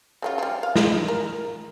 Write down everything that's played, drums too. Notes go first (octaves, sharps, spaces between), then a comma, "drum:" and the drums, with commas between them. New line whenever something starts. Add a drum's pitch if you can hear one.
C#3 F#3 F4
F3 G3
F5
drum: snare
A#4